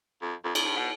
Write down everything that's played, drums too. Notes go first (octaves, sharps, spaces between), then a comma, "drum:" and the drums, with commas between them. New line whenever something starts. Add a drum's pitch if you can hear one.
F2
F2
F2, drum: cymbal
G2
B2